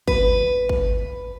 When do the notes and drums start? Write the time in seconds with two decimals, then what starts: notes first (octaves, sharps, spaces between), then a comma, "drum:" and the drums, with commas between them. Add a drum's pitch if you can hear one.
0.08 B4, drum: kick
0.69 drum: kick